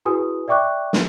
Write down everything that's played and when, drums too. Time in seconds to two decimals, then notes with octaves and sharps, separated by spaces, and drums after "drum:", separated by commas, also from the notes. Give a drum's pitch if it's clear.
0.05 E4 F#4 G#4 B4 G#5 D#6
0.48 D5 E5 G5 C#6 D6 F#6
0.93 drum: snare